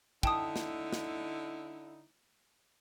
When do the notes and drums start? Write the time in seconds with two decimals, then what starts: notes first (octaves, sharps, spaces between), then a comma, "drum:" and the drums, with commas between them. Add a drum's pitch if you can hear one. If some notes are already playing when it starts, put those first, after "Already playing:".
0.23 D3 D#4 E4 G5 A5 D#6, drum: kick
0.56 drum: snare
0.93 drum: snare